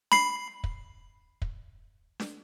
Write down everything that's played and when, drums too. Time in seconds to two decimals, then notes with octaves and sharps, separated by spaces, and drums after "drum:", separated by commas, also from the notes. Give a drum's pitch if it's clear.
0.12 B5 C7, drum: snare D4
0.64 drum: kick
1.42 drum: kick
2.20 drum: snare D4